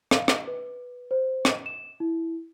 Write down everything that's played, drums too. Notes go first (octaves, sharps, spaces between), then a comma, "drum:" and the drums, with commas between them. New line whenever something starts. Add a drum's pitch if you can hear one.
F5, drum: rim click
drum: rim click
B4
C5
drum: rim click
E7
E4